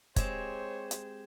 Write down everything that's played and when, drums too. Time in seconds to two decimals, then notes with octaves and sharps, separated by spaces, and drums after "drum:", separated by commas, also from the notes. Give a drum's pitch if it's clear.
0.16 G#3 C4 G4 C5 C#5 G#6 E7, drum: kick, hi-hat
0.91 drum: hi-hat